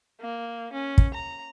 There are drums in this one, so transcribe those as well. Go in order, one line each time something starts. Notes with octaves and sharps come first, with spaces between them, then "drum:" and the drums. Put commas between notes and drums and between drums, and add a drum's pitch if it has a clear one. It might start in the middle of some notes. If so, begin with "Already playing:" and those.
A#3
C#4
drum: kick
A#5